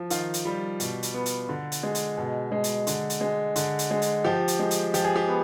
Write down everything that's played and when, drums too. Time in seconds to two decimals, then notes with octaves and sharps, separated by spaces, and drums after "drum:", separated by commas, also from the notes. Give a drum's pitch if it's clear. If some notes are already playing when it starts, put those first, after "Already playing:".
Already playing: F3
0.10 D#3 F4, drum: hi-hat
0.34 drum: hi-hat
0.45 G3
0.80 B2, drum: hi-hat
1.03 drum: hi-hat
1.14 B3
1.26 drum: hi-hat
1.49 D3
1.72 drum: hi-hat
1.83 G#3
1.95 drum: hi-hat
2.18 B2
2.52 G#3
2.64 drum: hi-hat
2.87 D3, drum: hi-hat
3.10 drum: hi-hat
3.21 G#3
3.56 D3, drum: hi-hat
3.79 drum: hi-hat
3.91 G#3
4.02 drum: hi-hat
4.24 F3 G4
4.48 drum: hi-hat
4.59 G#3
4.71 drum: hi-hat
4.94 F3 G4, drum: hi-hat
5.04 G#4
5.16 G4
5.28 B3